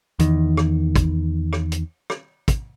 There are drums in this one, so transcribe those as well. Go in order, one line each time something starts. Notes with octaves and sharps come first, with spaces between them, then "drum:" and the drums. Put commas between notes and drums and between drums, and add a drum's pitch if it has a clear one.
E2 D#3, drum: hi-hat
drum: rim click
drum: kick, hi-hat
drum: rim click
drum: hi-hat
drum: rim click
drum: kick, hi-hat